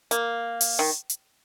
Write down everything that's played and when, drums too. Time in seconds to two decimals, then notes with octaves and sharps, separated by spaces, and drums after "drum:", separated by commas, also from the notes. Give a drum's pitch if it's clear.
0.11 A#3, drum: hi-hat
0.61 drum: open hi-hat
0.79 D#3
1.09 drum: hi-hat